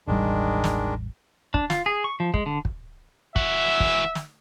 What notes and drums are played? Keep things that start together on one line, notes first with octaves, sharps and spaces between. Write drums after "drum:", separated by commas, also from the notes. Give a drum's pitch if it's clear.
E1 A1 D#3 G3 G#3 D4
drum: snare
D4, drum: kick
F4, drum: snare
G#4
C#6
F3
G#3, drum: kick
D3
drum: kick
E3 F#4 E5, drum: kick
drum: kick
drum: snare